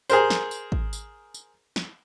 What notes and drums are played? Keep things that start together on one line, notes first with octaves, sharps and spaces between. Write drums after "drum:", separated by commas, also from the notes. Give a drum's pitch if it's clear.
G#4 A#4 C5, drum: tambourine
drum: snare
drum: tambourine
drum: kick
drum: tambourine
drum: tambourine
drum: snare